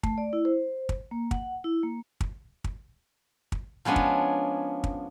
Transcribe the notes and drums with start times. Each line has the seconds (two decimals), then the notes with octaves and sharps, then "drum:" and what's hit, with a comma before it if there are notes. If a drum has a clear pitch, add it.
0.03 A3, drum: kick
0.18 D5
0.33 E4
0.45 C5
0.89 drum: kick
1.11 A#3
1.31 F#5, drum: kick
1.64 E4
1.83 A#3
2.21 drum: kick
2.64 drum: kick
3.52 drum: kick
3.85 F3 G#3 B3 C#4 D4
3.96 drum: kick
4.84 drum: kick